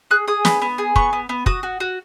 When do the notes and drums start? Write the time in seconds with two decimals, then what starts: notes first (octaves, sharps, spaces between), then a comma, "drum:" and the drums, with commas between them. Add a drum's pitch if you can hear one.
0.11 G#4 F#6
0.28 G#4 D#6
0.45 B3, drum: snare
0.62 B3
0.78 G#4
0.96 B3 C#6, drum: kick
1.13 B3
1.29 B3
1.46 F#4 D#6, drum: kick
1.63 F#4
1.80 F#4